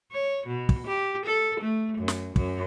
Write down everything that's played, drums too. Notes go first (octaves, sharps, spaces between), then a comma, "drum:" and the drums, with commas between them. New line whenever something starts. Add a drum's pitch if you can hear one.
C#5
B2
drum: kick
G4
A4
A3
F#2
drum: snare
F#2, drum: kick